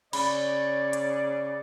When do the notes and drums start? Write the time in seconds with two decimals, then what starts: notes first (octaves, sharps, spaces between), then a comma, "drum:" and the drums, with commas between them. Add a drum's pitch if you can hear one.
0.13 C#3 C#5 D5 B5, drum: cymbal
0.93 drum: hi-hat